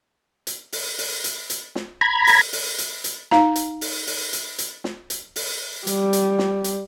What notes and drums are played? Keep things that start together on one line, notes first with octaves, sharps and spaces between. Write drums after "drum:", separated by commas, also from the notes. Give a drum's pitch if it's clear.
drum: hi-hat
drum: open hi-hat
drum: open hi-hat
drum: hi-hat
drum: hi-hat
drum: snare
A#5 B5 G#6
drum: open hi-hat
drum: open hi-hat
drum: hi-hat
drum: hi-hat
D#4 F5 A#5, drum: snare
drum: hi-hat
drum: open hi-hat
drum: open hi-hat
drum: hi-hat
drum: hi-hat
drum: snare
drum: hi-hat
drum: open hi-hat
G3, drum: hi-hat
drum: hi-hat
drum: snare
drum: hi-hat